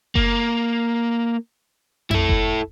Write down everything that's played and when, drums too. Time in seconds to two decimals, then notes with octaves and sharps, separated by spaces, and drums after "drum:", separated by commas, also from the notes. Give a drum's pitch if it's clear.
0.15 A#3, drum: kick F#1
2.11 E4 A4, drum: tom F2
2.29 drum: kick F#1